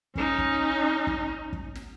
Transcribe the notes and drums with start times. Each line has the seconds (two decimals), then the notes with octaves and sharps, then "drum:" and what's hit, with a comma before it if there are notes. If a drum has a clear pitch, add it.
0.15 C#4 D#4, drum: kick
0.38 drum: kick
1.07 drum: kick
1.53 drum: kick
1.75 drum: snare